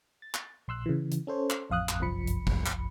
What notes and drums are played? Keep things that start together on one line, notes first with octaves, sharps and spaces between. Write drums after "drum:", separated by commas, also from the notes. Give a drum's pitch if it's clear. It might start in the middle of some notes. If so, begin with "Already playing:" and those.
A6
drum: clap
A#1 C6 E6 F#6
C#3 E3
drum: hi-hat
C#4 A4 C5 C#5
drum: clap
A1 F2 F5 D#6 F#6
drum: clap
G1 C2 F#2 F3 B5 C#7
drum: hi-hat
drum: kick
drum: clap